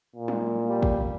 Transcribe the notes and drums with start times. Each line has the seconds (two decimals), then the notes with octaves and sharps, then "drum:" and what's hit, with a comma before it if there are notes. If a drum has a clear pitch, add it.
0.15 A#2
0.28 drum: tom
0.70 G3
0.83 drum: kick